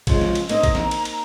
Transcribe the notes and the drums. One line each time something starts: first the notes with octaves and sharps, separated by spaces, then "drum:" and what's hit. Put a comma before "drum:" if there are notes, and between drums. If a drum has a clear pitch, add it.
C#3 F3 G#3, drum: kick A#1, cymbal
drum: snare
drum: cymbal
A#3 C4 D#4 D#5, drum: cymbal
drum: kick A#1, cymbal
A#5, drum: snare
drum: cymbal
drum: cymbal